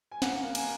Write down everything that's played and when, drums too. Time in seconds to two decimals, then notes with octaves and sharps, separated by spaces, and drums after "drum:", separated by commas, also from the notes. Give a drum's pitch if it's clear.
0.12 G#5
0.22 A#3 F#5, drum: snare
0.44 A#3
0.55 G#5, drum: cymbal